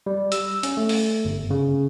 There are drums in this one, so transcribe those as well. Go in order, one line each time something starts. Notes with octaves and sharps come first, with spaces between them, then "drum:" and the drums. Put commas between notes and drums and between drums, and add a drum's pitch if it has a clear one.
G3
E6, drum: hi-hat
C#4, drum: hi-hat
A3
drum: open hi-hat
G1
C#3